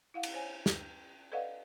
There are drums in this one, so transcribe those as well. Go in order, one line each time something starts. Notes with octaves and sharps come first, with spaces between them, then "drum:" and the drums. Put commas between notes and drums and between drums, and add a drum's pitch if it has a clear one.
E4 F5 F#5
drum: cymbal
C5 C#5 G#5
drum: snare
A4 B4 D5 D#5 F5 F#5